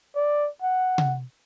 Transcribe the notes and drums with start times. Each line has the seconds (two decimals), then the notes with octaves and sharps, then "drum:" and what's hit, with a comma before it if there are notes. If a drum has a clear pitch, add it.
0.16 D5
0.62 F#5
0.98 drum: tom C3